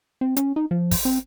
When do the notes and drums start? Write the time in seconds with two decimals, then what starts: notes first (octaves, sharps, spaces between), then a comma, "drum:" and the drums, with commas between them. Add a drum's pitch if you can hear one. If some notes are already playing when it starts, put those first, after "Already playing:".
0.21 C4
0.36 C#4, drum: hi-hat
0.56 D#4
0.71 F3
0.91 drum: kick, open hi-hat
1.05 C4